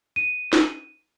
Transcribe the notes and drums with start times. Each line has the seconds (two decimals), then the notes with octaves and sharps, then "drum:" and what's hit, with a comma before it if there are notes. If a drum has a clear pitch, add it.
0.16 D#7
0.53 drum: snare